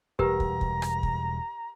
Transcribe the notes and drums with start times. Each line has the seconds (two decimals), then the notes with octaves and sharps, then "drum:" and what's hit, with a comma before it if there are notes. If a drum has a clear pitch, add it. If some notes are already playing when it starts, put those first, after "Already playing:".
0.19 E1 G3 G4 A#4 B4 A#5
0.40 drum: kick
0.61 drum: kick
0.82 drum: rim click
1.03 drum: kick